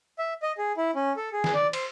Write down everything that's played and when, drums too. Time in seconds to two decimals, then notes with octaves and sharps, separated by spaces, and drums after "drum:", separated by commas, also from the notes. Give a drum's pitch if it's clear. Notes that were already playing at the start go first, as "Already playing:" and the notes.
0.19 E5
0.42 D#5
0.58 G#4
0.77 E4
0.95 C#4
1.17 A4
1.33 G#4
1.44 drum: snare
1.54 D5
1.73 C5, drum: cymbal